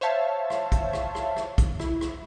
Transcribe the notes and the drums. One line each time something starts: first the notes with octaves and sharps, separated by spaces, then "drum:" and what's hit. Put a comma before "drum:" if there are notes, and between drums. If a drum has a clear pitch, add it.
C5 C#5 E5 F5 A5
drum: rim click
drum: kick A#1, hi-hat
drum: rim click
drum: rim click
drum: rim click
drum: kick A#1, hi-hat
E4, drum: rim click
drum: rim click